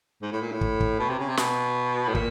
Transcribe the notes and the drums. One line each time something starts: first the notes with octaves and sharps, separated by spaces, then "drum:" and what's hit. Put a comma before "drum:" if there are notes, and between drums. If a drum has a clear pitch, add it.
G#2
A2
A#2
A2
drum: kick
drum: kick
B2
C3
C#3
C3
B2, drum: snare
A2
A#2, drum: kick